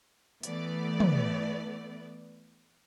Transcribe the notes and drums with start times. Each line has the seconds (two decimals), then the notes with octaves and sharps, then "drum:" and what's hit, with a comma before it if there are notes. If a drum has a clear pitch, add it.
0.43 E3 A3 B3 D5, drum: hi-hat
1.00 drum: tom